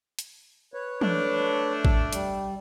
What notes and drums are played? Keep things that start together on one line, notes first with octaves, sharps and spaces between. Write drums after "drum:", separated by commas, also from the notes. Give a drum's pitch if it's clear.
drum: hi-hat
B4 C#5
A3 D4, drum: tom E3
A4, drum: kick A1
G3, drum: hi-hat